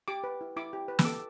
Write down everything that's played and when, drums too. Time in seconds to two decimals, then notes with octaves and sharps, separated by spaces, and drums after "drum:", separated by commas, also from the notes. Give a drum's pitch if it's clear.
0.08 G4 D6
0.24 B4
0.41 E4
0.57 E4 D6
0.73 G4
0.88 B4
0.99 E6, drum: snare
1.05 A4 D6